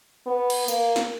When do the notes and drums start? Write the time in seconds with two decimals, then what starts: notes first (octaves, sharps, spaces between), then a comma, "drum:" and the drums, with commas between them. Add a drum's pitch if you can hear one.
0.26 B3
0.50 drum: cymbal
0.68 A#3, drum: tambourine
0.96 drum: snare